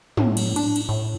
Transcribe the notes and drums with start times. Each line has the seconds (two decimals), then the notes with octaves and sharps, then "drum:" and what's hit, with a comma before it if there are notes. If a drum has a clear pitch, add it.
0.17 A2, drum: tom
0.37 drum: cymbal
0.56 D4, drum: cymbal
0.76 drum: cymbal
0.89 A2